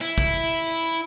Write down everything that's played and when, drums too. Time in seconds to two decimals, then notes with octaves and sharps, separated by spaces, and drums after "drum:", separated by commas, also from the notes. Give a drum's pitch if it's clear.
0.01 E4, drum: hi-hat
0.18 drum: kick, hi-hat
0.34 drum: hi-hat
0.50 drum: hi-hat
0.66 drum: hi-hat
0.83 drum: hi-hat